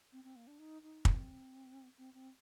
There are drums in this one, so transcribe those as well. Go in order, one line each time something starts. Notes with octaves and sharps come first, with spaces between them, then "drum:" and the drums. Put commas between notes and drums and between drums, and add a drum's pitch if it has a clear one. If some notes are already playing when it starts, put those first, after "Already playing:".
C4
C4
A#3
D4
D#4
D#4
C4, drum: kick
C4
C4